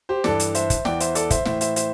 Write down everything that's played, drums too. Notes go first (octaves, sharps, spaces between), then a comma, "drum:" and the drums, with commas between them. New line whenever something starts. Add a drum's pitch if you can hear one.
G4 C5
G2 E3 A4 D5, drum: snare
drum: hi-hat
C5 E5, drum: hi-hat
drum: kick, hi-hat
E2 E3 D5 G5, drum: snare
C5 E5, drum: hi-hat
A4 D5, drum: hi-hat
C5 E5, drum: kick, hi-hat
A2 E3 C5 E5, drum: snare
C5 E5, drum: hi-hat
C5 E5, drum: hi-hat